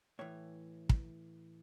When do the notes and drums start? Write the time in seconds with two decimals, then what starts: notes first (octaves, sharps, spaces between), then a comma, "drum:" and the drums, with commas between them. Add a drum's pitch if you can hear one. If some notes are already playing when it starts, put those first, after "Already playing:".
0.19 A2 E3 C#5
0.89 drum: kick